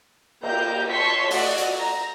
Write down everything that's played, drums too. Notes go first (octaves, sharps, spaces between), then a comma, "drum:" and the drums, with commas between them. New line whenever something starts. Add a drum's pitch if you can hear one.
A#3 G4 A#5 G6, drum: cymbal
C#5 A5 C6 C#6 B6
A3 F#4 D5 D#5, drum: open hi-hat
drum: hi-hat
A#5